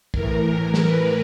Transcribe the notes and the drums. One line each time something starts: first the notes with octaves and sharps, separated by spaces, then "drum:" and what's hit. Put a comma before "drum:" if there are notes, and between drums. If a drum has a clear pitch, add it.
A2 E3 A#4, drum: kick
drum: snare
B4